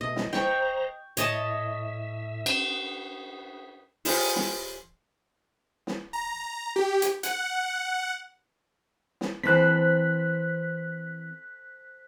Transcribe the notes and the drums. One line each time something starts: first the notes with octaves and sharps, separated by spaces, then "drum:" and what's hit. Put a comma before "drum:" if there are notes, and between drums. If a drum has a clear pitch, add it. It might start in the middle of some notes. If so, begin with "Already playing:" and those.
B2 A3 D#5
drum: snare
C5 G5 A#5 C#6, drum: snare
A2 C#5 D#5 E5 A5, drum: hi-hat
drum: cymbal
F4 G4 G#4 C5, drum: open hi-hat
drum: snare
drum: snare
A#5
G4
drum: hi-hat
F#5, drum: hi-hat
drum: snare
E3 C4 A4 C5 F#6 B6